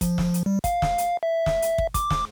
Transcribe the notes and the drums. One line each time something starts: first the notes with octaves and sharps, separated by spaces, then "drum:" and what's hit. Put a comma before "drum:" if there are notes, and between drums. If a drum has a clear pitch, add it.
F3, drum: kick, hi-hat
drum: snare
drum: hi-hat
G3
F5, drum: kick, hi-hat
drum: snare
drum: hi-hat
E5
drum: snare
drum: hi-hat
drum: kick
D6, drum: kick, hi-hat
drum: snare